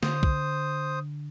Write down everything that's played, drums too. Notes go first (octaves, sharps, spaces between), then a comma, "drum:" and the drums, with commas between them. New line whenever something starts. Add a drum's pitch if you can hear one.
D3 C5 D#6, drum: snare
drum: kick